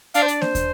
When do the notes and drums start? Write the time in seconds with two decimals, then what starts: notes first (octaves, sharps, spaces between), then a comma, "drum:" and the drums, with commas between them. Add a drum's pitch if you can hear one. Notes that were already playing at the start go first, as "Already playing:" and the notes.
0.14 D4 F5, drum: hi-hat
0.22 C5
0.28 D5, drum: hi-hat
0.41 C5, drum: snare A#3
0.55 drum: kick, hi-hat